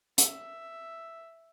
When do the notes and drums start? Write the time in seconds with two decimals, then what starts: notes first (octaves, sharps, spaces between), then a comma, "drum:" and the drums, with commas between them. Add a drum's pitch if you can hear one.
0.18 E5, drum: hi-hat